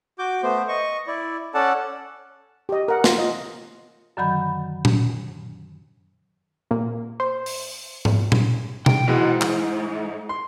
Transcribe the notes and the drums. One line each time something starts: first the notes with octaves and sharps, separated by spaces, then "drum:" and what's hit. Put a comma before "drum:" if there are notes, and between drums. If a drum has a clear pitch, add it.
F#4 D6 G6
A3 B3 C5
D#5 C#6
E4 D5
C#4 A4 D5 F#5 A5
G4 D#5
A#4 F#5
F4 C6, drum: snare
D#5
F#2 D3 D#3 F#3 B5 G6
drum: tom A#2
A#2
C5
drum: open hi-hat
drum: tom G#2
drum: tom A#2
G5, drum: tom B2
G#2 B2 E3 G#3
E3, drum: clap
C6